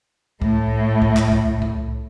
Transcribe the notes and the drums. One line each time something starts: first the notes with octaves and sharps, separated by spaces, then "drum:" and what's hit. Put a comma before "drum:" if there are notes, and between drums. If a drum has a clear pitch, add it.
A2 A3, drum: kick C2
drum: kick C2
drum: clap
drum: kick C2
drum: kick C2